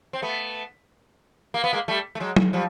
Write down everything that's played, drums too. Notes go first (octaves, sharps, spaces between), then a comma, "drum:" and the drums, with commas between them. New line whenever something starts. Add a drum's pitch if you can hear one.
C4
A3 B3
A#3
B3
G#3 A#3
G3 A3
A3
F#3 G#3
drum: tom F#3
F3 G3